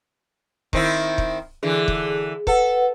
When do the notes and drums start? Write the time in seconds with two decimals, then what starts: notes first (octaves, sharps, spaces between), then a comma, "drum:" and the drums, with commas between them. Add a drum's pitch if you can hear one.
0.73 D#3 C4 E4, drum: kick
1.18 drum: kick
1.63 D3 E3 G#4
1.88 drum: kick
2.47 A4 B4 F#5, drum: kick